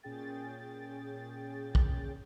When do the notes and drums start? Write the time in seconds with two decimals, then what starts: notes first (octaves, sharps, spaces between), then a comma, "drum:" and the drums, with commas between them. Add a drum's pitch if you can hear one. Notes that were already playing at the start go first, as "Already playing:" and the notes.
0.03 A#2 C#4 G#4 G5 A6
1.75 drum: kick